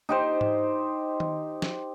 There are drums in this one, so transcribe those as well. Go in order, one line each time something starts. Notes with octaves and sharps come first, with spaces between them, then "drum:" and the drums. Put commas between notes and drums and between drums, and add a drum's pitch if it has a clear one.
D#4 G4 C5
drum: tom G#2
drum: tom D#3
drum: snare